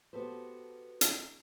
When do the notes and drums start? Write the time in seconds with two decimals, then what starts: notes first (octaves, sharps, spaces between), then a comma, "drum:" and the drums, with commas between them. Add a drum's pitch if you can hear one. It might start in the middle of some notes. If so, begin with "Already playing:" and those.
0.13 B3 F#4 G4 A4 B4 C5
1.01 drum: hi-hat